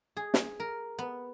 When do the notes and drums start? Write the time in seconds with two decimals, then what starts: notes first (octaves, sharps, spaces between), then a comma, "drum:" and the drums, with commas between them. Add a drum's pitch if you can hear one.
0.17 G#4
0.34 drum: snare
0.60 A#4
0.99 B3